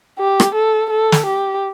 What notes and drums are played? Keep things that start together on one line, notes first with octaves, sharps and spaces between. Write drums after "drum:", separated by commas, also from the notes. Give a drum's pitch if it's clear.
G4
drum: rim click
A4
A4
drum: snare
G4